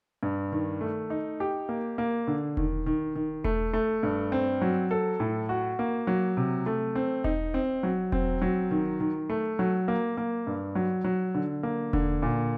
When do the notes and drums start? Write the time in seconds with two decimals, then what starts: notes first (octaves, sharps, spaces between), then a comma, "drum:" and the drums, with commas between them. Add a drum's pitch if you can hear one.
0.23 G2
0.52 D#3
0.81 A3
1.10 D#4
1.40 G4
1.69 A#3
1.98 A#3
2.27 D3
2.57 D#3, drum: kick E1
2.86 D#3
3.15 D#3
3.44 A3, drum: kick E1
3.73 A3
4.03 G2
4.32 C4
4.62 F#3
4.91 A4
5.20 A2
5.49 F#4
5.79 A#3
6.07 F#3
6.37 C3
6.66 A3
6.95 C4
7.24 D#4, drum: kick E1
7.54 C4
7.83 F#3
8.12 C4, drum: kick E1
8.42 F#3
8.71 D#3
9.00 D#3
9.30 A3
9.59 F#3
9.88 A#3
10.17 A#3
10.47 G2
10.75 F#3
11.04 F#3
11.35 D3
11.63 A#3
11.93 D3, drum: kick E1
12.22 A#2